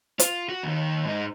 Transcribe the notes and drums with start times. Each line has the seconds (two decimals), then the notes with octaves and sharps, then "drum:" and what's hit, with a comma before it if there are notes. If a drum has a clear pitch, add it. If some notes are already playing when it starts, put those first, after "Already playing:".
0.19 F4, drum: hi-hat
0.49 F#4
0.63 D#2 D#3
1.05 G#2 D#4